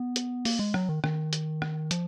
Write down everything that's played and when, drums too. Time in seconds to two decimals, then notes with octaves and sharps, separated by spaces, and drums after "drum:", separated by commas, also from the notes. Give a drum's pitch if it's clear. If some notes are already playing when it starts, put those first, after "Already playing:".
Already playing: B3
0.16 drum: hi-hat
0.45 A#3, drum: open hi-hat
0.59 G#3
0.74 F#3, drum: rim click
0.89 D#3
1.04 D#3, drum: rim click
1.33 drum: hi-hat
1.62 drum: rim click
1.91 F3, drum: hi-hat